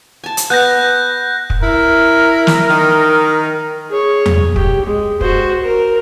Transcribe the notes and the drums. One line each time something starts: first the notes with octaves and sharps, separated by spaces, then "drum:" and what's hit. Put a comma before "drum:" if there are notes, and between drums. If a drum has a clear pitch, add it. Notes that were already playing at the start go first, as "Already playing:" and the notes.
G#5 A5
drum: hi-hat
B3 F#6 G6 A#6
drum: kick
E4 A#4
drum: snare
D#3
G#4 C#5
drum: tom E2
G4, drum: kick
G#3
F#4 C5, drum: kick
A#4